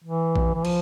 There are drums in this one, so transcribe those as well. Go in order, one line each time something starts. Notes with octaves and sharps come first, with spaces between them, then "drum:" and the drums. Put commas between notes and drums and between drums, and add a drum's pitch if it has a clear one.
E3
drum: kick A#1
E3
F3, drum: cymbal